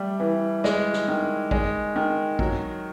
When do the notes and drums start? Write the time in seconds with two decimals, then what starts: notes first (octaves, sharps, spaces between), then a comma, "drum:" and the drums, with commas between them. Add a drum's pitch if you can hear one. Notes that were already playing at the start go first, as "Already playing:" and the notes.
Already playing: G3 A3
0.20 E3
0.64 G#3, drum: snare
0.93 drum: snare
1.08 D#3
1.51 G#3, drum: kick
1.96 D#3
2.39 F#3, drum: kick